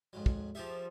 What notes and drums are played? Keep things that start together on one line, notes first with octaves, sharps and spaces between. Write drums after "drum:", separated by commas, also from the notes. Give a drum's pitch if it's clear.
F2 G#2 F#3
drum: kick
F3 G3 G4 G#4 E5